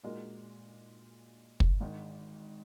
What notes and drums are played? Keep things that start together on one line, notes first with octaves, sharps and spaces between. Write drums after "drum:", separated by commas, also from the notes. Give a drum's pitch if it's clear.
A#2 G#3 D#4 F#4 A#4
drum: kick
G#1 G#2 D#3